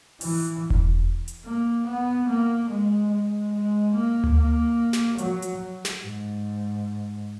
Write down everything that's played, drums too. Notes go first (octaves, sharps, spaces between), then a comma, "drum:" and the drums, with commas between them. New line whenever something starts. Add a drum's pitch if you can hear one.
E3, drum: open hi-hat
drum: kick E1
drum: hi-hat
A#3
B3
A#3
G#3
G#3
G#3
A#3
drum: tom D2
A#3
drum: snare
F#3, drum: hi-hat
drum: hi-hat
drum: snare
G#2